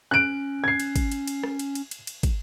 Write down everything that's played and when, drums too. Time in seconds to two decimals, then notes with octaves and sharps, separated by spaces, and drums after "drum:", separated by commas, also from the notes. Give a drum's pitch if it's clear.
0.11 C#4 F#6 D7
0.64 G#6 C7
0.80 drum: cymbal
0.96 drum: kick, cymbal
1.12 drum: cymbal
1.27 drum: cymbal
1.43 drum: rim click
1.59 drum: cymbal
1.75 drum: cymbal
1.91 drum: cymbal
2.07 drum: cymbal
2.23 drum: kick, cymbal